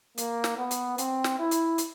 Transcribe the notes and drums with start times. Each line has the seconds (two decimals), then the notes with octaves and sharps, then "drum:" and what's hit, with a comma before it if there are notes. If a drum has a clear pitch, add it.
0.18 A#3, drum: hi-hat
0.44 drum: snare
0.58 B3
0.71 drum: hi-hat
0.98 C4, drum: hi-hat
1.24 drum: snare
1.38 E4
1.51 drum: hi-hat
1.78 drum: hi-hat